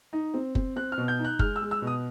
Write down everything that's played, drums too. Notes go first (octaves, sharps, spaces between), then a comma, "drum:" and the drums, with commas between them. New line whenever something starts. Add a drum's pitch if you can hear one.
D#4
C4
C4, drum: kick F#1
C4 F#6
F6
B2
G6
D#4
F#6
G#3 F6, drum: kick F#1
E6
G#3
E6
B2
D#6